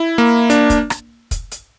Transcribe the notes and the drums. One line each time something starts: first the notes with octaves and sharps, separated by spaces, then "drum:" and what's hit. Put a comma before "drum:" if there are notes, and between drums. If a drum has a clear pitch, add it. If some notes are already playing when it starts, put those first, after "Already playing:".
Already playing: E4
A#3
D4, drum: hi-hat
drum: kick, hi-hat
drum: rim click
drum: kick, hi-hat
drum: hi-hat